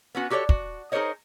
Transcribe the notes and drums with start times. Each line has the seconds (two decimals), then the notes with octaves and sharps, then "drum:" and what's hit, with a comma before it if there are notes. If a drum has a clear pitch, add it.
0.15 B3 C#4 F#4
0.30 F#4 G4 A4 C#5 D5
0.49 F#4, drum: kick
0.92 D#4 G#4 A#4 C5 C#5 D#5